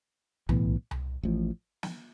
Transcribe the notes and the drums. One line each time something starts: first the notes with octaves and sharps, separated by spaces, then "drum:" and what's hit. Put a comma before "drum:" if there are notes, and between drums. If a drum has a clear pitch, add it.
B1 A2 E3 B3, drum: tom C2
drum: tom C2
A1 A2 F3
drum: snare